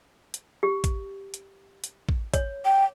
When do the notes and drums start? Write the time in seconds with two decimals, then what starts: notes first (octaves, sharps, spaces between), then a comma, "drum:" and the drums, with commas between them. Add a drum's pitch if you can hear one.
0.34 drum: hi-hat
0.63 G4
0.84 drum: kick, hi-hat
1.34 drum: hi-hat
1.84 drum: hi-hat
2.09 drum: kick
2.34 C#5, drum: kick, hi-hat
2.65 G5